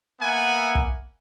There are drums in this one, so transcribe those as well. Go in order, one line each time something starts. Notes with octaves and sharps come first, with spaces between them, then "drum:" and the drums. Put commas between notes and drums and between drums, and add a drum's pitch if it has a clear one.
A#3 B3 E5 F#5 G#5
drum: kick